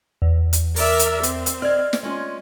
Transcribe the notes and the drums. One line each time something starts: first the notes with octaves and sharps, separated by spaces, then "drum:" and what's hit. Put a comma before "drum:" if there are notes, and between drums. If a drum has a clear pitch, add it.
E2
drum: hi-hat
A#4 D5 E5, drum: open hi-hat
drum: hi-hat
C4, drum: hi-hat
drum: hi-hat
D5 D#5 F6 G#6
drum: snare
G#3 C#4 F4